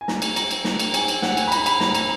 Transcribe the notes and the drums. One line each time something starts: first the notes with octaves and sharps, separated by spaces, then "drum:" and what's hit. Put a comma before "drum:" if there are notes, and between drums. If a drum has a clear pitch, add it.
G#5
A#5, drum: snare
drum: cymbal
A#5, drum: cymbal
drum: cymbal
A#5, drum: snare
drum: cymbal
G#5, drum: cymbal
drum: cymbal
F#5, drum: snare
G#5, drum: cymbal
B5
A#5, drum: cymbal
B5, drum: cymbal
A#5, drum: snare
A#5, drum: cymbal